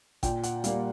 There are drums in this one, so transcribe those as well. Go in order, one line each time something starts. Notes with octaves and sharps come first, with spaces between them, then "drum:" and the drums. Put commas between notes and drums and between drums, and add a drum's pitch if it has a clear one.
A#2 G5, drum: kick G#1, hi-hat
F#5, drum: hi-hat
G3 A#3 F5, drum: hi-hat